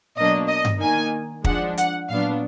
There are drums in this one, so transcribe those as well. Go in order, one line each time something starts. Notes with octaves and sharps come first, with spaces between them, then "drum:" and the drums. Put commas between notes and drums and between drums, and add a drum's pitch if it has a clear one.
B2 F#3 A#3 D4 D#5
D#5
drum: tom G2
D#3 A#3 D#4 G#5
F3 G#3 D4 F#5, drum: kick
F#5, drum: hi-hat
A#2 F#3 B3 D4 F5